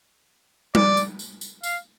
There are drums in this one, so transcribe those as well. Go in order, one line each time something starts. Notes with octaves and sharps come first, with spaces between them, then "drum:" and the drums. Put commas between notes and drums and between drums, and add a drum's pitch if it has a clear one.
D5, drum: tom G3
drum: tambourine
drum: tambourine
drum: tambourine
F5, drum: tambourine